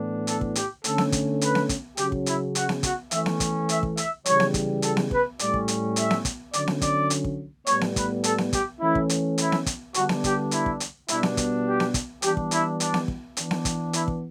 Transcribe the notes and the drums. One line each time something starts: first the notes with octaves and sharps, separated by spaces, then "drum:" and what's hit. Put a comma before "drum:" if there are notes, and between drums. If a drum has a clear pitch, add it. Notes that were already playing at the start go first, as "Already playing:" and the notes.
Already playing: A2 E3 B3 D4
A4, drum: hi-hat
drum: kick
G4, drum: hi-hat
D3 A3 C#4 A4, drum: hi-hat
drum: snare B3
drum: kick, hi-hat
B4, drum: hi-hat
drum: snare B3
drum: kick, hi-hat
C#3 F#3 C#4 G4, drum: hi-hat
drum: kick
E4, drum: hi-hat
F#4, drum: hi-hat
drum: snare B3
F#4, drum: kick, hi-hat
E3 A3 C#4 E5, drum: hi-hat
drum: snare B3
drum: kick, hi-hat
E5, drum: hi-hat
drum: kick
E5, drum: hi-hat
C#3 E3 G3 C#5, drum: hi-hat
drum: snare B3
drum: kick, hi-hat
A4, drum: hi-hat
drum: snare B3
B4, drum: kick
A2 G3 C#4 D5, drum: hi-hat
drum: kick
drum: hi-hat
E5, drum: hi-hat
drum: snare B3
drum: kick, hi-hat
D3 F#3 C#4 D5, drum: hi-hat
drum: snare B3
D5, drum: kick, hi-hat
drum: hi-hat
drum: kick
A2 G3 B3 C#5, drum: hi-hat
drum: snare B3
B4, drum: kick, hi-hat
A4, drum: hi-hat
drum: snare B3
G4, drum: kick, hi-hat
E3 A3 C#4 E4
drum: kick
drum: hi-hat
E4, drum: hi-hat
drum: snare B3
drum: kick, hi-hat
D3 G3 B3 D4 F#4, drum: hi-hat
drum: snare B3
G4, drum: kick, hi-hat
E4, drum: hi-hat
drum: kick
drum: hi-hat
B2 G3 B3 D4 E4, drum: hi-hat
drum: snare B3
drum: kick, hi-hat
G4
drum: snare B3
drum: kick, hi-hat
E3 G3 B3 D4 G4, drum: hi-hat
drum: kick
E4, drum: hi-hat
D4, drum: hi-hat
drum: snare B3
drum: kick
E3 B3 D4, drum: hi-hat
drum: snare B3
drum: kick, hi-hat
E4, drum: hi-hat
drum: kick